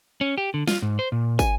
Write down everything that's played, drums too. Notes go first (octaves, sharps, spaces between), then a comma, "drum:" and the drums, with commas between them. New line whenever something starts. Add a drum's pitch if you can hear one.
C#4
G4
D3
F4, drum: snare
G#2
C5
A#2
G#5, drum: kick, tambourine